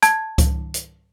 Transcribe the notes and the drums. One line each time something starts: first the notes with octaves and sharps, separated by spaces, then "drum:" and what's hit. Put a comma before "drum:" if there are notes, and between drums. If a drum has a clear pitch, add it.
A5 G#6, drum: hi-hat
drum: kick C#2, hi-hat
drum: hi-hat